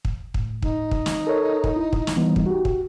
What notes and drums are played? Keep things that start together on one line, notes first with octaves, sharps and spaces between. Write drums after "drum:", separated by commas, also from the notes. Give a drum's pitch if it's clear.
drum: kick
A2, drum: kick
D#4, drum: kick
drum: kick
drum: snare
A4 A#4 C#5
drum: kick
E4
drum: kick
drum: snare
E3 G3 B3
drum: kick
F#4 G4
drum: kick